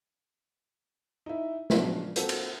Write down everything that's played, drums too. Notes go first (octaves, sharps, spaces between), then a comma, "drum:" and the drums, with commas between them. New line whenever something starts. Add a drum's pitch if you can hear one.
D#4 E4
C#3 F3 F#3 G#3 D4, drum: snare
A#3 C4 F4 F#4 A4, drum: hi-hat
drum: cymbal